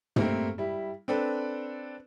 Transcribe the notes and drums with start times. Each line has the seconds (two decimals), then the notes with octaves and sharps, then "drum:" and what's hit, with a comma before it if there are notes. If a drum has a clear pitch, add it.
0.16 G3 A3 A#3 C4, drum: tom
0.58 G3 E4
1.08 C4 D4 A4 B4